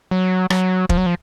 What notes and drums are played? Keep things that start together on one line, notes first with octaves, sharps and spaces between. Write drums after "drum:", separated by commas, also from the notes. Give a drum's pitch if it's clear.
F#3
F#3, drum: rim click
F3, drum: kick
F#3
F3